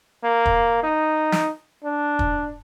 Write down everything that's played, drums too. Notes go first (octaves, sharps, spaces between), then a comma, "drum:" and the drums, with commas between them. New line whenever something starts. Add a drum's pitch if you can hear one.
A#3
drum: kick
D#4
drum: snare
D4
drum: kick